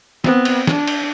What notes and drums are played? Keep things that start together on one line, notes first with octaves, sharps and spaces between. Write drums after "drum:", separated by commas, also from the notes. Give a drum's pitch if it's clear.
B3 C4, drum: snare
drum: cymbal
D4, drum: snare
drum: cymbal